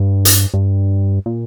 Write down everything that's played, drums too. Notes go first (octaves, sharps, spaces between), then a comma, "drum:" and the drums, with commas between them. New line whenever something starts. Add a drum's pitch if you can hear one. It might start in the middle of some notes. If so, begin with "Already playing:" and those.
Already playing: G2
drum: hi-hat
G2
A#2